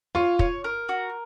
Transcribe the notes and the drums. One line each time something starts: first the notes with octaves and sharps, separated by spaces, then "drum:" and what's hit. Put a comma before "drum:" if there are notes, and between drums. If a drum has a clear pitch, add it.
F4 C#5
C#5, drum: kick
A#4
F#4